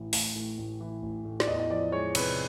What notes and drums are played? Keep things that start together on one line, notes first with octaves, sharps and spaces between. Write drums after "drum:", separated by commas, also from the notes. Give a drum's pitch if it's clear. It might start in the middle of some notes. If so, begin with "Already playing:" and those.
Already playing: A1 E3
A1, drum: open hi-hat
A2
A1
E3
A1
A2
D5, drum: snare
E2 D#5
D#5
F3 D5
G#3 C#5
C3 B4, drum: cymbal